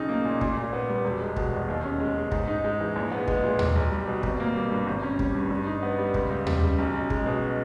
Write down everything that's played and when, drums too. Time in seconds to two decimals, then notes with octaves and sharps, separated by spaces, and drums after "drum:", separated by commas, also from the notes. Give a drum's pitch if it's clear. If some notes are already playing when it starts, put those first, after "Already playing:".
Already playing: B1 C#3 D#4
0.09 A#3
0.25 A#2
0.41 A#2, drum: kick
0.57 A#2
0.73 B3
0.89 G3
1.05 E1
1.21 G#3
1.36 B2, drum: kick
1.53 E2
1.68 D#2
1.84 C#4
2.00 G#3
2.16 C#3
2.32 G#2, drum: kick
2.48 D#4
2.64 G#3
2.80 E3
2.96 A#1
3.12 B3
3.28 G#3, drum: kick
3.44 A#2
3.59 B1, drum: tom D#2
3.76 B1
3.91 G3
4.07 B2
4.23 G#1, drum: kick
4.40 A#3
4.55 G3
4.71 G2
4.87 G#1
5.03 C#4
5.19 G3, drum: kick
5.35 G2
5.51 G2
5.67 D#4
5.83 B3
5.98 G3
6.14 C#2, drum: kick
6.30 C#2
6.46 G3, drum: tom D#2
6.63 C#3
6.78 B1
6.94 B1
7.10 G#3, drum: kick
7.26 B2